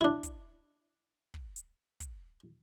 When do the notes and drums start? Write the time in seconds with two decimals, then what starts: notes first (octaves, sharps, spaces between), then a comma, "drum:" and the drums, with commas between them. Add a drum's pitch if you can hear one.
0.01 D4 E4
0.23 drum: kick, hi-hat
1.34 drum: kick
1.56 drum: hi-hat
2.00 drum: kick, hi-hat